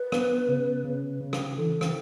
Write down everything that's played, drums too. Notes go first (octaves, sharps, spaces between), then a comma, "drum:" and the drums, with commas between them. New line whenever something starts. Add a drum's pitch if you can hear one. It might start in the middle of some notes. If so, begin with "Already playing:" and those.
Already playing: B4
B3, drum: rim click
C#3
C#3
C#3
drum: rim click
E3 A4
drum: rim click